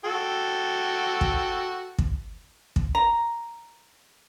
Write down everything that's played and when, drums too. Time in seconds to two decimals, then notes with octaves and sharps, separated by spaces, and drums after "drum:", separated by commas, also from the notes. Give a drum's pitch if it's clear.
0.05 F#4 A4 G5
1.21 drum: kick
1.98 drum: kick
2.76 drum: kick
2.95 A#5